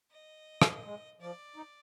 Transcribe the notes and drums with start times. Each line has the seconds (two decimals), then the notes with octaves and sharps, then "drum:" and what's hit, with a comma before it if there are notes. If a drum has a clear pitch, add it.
0.11 D#5
0.62 drum: rim click
0.84 G#3
1.20 F3 D5
1.56 D#4